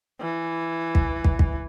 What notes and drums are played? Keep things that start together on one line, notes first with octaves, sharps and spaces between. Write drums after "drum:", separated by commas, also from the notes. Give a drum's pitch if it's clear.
E3
drum: kick
drum: kick
drum: kick